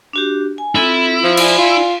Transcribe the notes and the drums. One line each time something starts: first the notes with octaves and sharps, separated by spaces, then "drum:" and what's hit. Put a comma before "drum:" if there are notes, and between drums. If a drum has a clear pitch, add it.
D4 F#4 G4
G#5
C4 E4 F4 A4
F3
D5 F5 G#5, drum: cymbal
F4